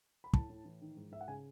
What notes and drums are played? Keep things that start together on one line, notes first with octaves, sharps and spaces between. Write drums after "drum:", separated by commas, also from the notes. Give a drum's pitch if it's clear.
B5
A2 A5, drum: kick
A2
E3
D#3
G#2
G#2 E5
F#5
C#3 G#5